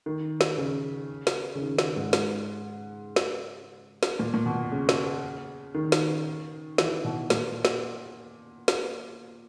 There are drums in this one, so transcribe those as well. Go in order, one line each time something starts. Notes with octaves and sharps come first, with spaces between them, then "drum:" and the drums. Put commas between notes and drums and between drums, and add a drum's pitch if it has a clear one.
D#3
drum: snare
C#3
drum: snare
C#3
D#3
drum: snare
G#2
drum: snare
drum: snare
drum: snare
A#2
A#2
B2
C#3
drum: snare
D#3
drum: snare
E3, drum: snare
B2
A#2, drum: snare
drum: snare
drum: snare